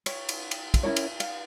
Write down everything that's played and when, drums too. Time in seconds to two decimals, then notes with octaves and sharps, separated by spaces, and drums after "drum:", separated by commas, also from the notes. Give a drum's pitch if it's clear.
0.06 C#5, drum: cymbal
0.29 drum: cymbal
0.51 drum: cymbal
0.74 drum: kick, cymbal
0.83 C#4 E4 A#4 C#5
0.96 drum: cymbal
1.20 F5, drum: cymbal